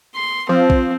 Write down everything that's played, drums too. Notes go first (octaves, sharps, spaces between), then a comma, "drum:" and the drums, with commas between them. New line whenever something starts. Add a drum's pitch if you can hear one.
C6
F3 C4
drum: kick A#1